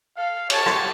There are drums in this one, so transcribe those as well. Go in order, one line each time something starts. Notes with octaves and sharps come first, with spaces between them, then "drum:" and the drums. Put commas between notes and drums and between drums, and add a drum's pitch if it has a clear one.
A4 F5
G#4 C#5 A5, drum: cymbal
drum: rim click